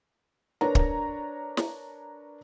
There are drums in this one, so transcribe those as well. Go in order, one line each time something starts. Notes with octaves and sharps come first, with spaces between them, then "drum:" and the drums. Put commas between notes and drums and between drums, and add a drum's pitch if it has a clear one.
D4 A#4 B4 C#5 A#5
drum: kick
drum: snare